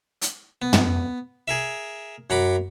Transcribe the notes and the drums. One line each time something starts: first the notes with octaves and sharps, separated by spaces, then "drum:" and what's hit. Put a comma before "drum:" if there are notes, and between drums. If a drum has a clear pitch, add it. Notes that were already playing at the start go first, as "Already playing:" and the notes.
drum: hi-hat
B3
drum: tom
G#4 A#4 E5
F#2 F#5 A#5 B5 D6